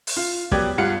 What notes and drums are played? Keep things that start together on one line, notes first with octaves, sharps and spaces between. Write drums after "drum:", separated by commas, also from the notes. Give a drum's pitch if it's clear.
drum: open hi-hat
F4
F#3 G3 B3 G4 D5 G#6, drum: kick
G2 F4 F#5 C#7